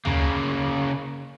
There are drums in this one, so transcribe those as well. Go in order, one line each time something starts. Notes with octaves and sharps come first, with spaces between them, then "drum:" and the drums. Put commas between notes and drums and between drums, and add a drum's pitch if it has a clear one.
C#3 A#3, drum: tom